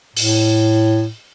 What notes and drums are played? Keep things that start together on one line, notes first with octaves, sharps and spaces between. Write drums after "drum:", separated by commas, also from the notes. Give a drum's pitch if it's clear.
A2, drum: open hi-hat